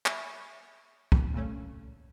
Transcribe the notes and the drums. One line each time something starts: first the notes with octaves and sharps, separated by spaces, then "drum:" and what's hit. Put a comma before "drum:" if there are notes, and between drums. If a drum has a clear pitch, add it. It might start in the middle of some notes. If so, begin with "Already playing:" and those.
E5 G#5 B5 C#6, drum: clap
drum: kick
A#2 C#3 A3 C#4